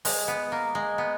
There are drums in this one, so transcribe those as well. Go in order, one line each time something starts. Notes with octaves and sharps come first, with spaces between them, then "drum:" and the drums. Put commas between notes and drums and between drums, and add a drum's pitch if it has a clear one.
G#3, drum: open hi-hat
B3
A#3
G#3
B3